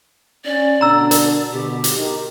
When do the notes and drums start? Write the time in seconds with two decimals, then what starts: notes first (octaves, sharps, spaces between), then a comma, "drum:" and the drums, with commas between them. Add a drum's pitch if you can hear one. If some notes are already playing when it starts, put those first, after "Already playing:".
0.45 C#4 D5
0.81 B2 D3 D4 A#5 E6
1.11 A#4, drum: hi-hat
1.52 B2 D3 G4
1.84 drum: hi-hat
1.97 D#3